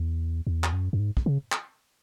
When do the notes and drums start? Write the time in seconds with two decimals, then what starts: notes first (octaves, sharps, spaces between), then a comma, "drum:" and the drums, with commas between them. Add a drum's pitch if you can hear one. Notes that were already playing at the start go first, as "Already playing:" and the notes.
Already playing: E2
0.47 E2
0.64 drum: clap
0.73 F#2
0.93 F#2
0.99 G#2
1.17 drum: kick
1.26 C#3
1.52 drum: clap